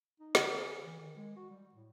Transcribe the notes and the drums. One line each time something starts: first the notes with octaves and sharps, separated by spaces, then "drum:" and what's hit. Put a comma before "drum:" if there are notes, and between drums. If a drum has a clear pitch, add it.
D#4
D3, drum: snare
G#4
E3
D#3
G#3
F#4
G3
A2